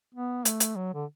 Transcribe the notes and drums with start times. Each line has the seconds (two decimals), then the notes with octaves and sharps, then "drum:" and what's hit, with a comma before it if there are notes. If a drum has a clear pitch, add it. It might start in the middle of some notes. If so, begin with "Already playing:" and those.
0.15 B3
0.45 A3, drum: hi-hat
0.60 drum: hi-hat
0.76 F#3
0.94 D3